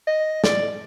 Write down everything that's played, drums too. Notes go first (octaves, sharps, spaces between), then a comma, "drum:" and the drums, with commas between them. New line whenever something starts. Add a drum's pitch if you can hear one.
D#5
D5, drum: snare